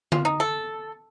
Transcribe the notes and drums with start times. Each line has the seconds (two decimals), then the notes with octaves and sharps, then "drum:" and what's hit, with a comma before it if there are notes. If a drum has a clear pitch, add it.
0.12 F4, drum: tom D3
0.25 D#4
0.40 A4